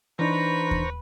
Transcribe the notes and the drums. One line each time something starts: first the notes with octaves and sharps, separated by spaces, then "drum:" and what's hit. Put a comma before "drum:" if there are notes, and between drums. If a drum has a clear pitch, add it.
E3 D4 D#4 B4 C5 A#5 C#6
drum: kick D#2